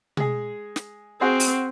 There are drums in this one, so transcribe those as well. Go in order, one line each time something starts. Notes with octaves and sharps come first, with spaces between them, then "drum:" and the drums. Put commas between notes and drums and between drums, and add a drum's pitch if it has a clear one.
G#3 G#4, drum: tom B2
drum: snare
C4 F#4 G#4 C5
drum: open hi-hat